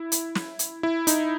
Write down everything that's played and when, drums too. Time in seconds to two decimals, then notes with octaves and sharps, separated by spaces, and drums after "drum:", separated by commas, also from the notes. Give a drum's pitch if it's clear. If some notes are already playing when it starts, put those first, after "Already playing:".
Already playing: E4
0.12 drum: hi-hat
0.35 drum: snare
0.59 drum: hi-hat
0.83 E4
1.07 D#4, drum: hi-hat